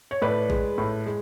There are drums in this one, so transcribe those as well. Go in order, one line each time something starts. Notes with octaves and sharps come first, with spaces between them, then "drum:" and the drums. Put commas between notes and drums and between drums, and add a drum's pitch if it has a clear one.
C#5
A2 B4 D5
G#3, drum: kick A1
A2
G#3